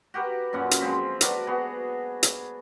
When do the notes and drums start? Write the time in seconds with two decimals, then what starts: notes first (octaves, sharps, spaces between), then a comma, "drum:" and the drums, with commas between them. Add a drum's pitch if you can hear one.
0.14 F#4 G4 A#4 B4
0.53 F#2 A#2 C#4 F#5
0.71 drum: hi-hat
0.81 F3 G#3 C4 B5
1.21 D4 F#4 A#4 B4, drum: hi-hat
1.47 B3 F#4 G#4
2.23 drum: hi-hat